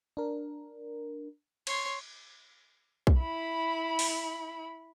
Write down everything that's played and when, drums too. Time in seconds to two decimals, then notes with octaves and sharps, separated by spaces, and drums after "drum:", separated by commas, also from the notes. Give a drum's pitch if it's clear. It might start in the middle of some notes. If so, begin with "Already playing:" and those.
0.17 D4 A#4
1.67 C#5 C6, drum: cymbal
3.07 drum: kick
3.20 E4 B5
3.99 drum: open hi-hat